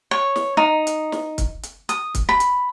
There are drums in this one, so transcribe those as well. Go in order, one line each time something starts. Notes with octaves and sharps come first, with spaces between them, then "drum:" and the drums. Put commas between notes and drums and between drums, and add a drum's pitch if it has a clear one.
C#5
drum: snare
D#4
drum: hi-hat
drum: snare
drum: kick, hi-hat
drum: hi-hat
D#6, drum: hi-hat
drum: kick, hi-hat
B5
drum: hi-hat